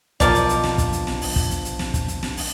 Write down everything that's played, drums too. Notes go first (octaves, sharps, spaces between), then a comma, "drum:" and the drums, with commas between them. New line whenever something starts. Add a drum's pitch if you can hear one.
B1 B2 D3 F3 A#4 D5 A5, drum: kick, hi-hat
drum: hi-hat
drum: hi-hat
drum: snare
drum: kick, hi-hat
drum: hi-hat
drum: snare
drum: open hi-hat
drum: kick, hi-hat
drum: hi-hat
drum: hi-hat
drum: snare
drum: kick, hi-hat
drum: hi-hat
drum: snare
drum: open hi-hat